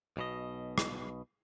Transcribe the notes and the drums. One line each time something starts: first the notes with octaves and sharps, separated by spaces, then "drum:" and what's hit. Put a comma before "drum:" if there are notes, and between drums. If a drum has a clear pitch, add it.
B1 B2 D#5
drum: rim click